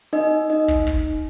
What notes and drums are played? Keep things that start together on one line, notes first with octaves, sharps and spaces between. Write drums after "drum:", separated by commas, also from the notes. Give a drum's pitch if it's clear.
D#4 D#5
D#4 D#5
drum: kick
drum: kick